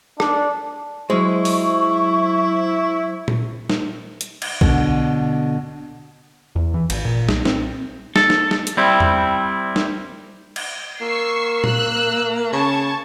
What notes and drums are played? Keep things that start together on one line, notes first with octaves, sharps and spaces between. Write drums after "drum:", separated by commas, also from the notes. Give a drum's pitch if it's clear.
D4, drum: rim click
F#3 G#3 E4 C5 C#6
drum: open hi-hat
drum: tom A#2
drum: snare
drum: hi-hat
drum: cymbal
B2 D3, drum: kick A#1
E2
E3
G#1, drum: cymbal
A#2
B1, drum: snare
C4, drum: snare
A4, drum: snare
drum: snare
drum: snare
drum: hi-hat
G3 C4 E4
drum: tom E2
drum: snare
drum: cymbal
A#3 C#6 E6 C7
E6 F#6, drum: tom A#2
C#3 A5 C#6 G#6